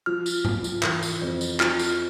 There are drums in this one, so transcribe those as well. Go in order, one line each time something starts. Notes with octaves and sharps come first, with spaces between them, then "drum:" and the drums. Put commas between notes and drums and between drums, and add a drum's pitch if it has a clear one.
F3 F6
drum: tambourine
F3, drum: tom G#2
drum: tambourine
E3, drum: clap
drum: tambourine
F2
drum: tambourine
F3 F6, drum: clap
drum: tambourine